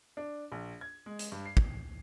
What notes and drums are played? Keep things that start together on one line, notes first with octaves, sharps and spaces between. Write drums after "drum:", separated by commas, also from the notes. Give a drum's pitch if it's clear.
D4
A#1
G#6
G#3
drum: hi-hat
G2
C7
drum: kick